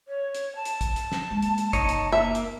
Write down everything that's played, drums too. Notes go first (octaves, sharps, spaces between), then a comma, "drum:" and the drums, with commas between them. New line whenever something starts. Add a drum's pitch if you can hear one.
C#5
drum: hi-hat
A5
drum: hi-hat
drum: kick, hi-hat
drum: hi-hat
drum: snare
G#3 A#3
drum: hi-hat
drum: hi-hat
F#1 C2 D#4 C#5, drum: kick, hi-hat
drum: hi-hat
A#3 E5
drum: hi-hat